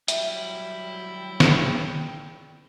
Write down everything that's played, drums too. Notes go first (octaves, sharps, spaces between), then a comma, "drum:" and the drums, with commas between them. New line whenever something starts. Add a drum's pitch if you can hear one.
F#3 G3 E4 E5 G5, drum: hi-hat
drum: snare